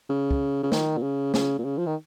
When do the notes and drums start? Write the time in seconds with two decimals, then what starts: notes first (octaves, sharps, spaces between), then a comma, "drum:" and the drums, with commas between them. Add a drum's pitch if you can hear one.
0.09 C#3
0.31 drum: kick
0.63 C#3
0.72 D#3, drum: snare
0.97 A#2
1.02 C#3
1.34 C#3, drum: snare
1.59 A#2
1.65 C#3
1.78 F3
1.86 D#3